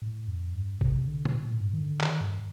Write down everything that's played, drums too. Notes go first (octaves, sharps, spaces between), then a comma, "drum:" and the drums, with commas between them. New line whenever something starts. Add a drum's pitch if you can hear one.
A2
F2
G2
C3, drum: kick
D3
drum: tom
A#2
A2
G2
D#3
D3
D#3, drum: clap
G2